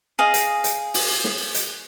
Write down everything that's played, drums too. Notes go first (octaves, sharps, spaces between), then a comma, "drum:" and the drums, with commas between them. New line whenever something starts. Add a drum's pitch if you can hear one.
G#4 D#5 F5
drum: hi-hat
drum: hi-hat
drum: open hi-hat
drum: snare
drum: hi-hat